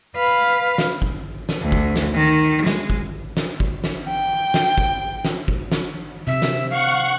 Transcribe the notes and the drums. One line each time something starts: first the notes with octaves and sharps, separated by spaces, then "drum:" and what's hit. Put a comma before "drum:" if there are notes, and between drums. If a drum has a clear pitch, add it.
B4 F5
drum: snare
drum: kick
drum: snare
D2
drum: kick
drum: snare
D#3
G#3, drum: snare
drum: kick
drum: snare
drum: kick
drum: snare
G5
drum: snare
drum: kick
drum: snare
drum: kick
drum: snare
C3 E5
drum: snare
F5 F#5 C#6